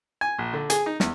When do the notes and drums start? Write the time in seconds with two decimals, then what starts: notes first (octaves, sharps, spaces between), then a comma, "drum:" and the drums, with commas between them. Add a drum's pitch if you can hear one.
0.21 G#5
0.38 A#1
0.53 D3
0.70 G#4, drum: hi-hat
0.86 D#4
1.00 E2, drum: snare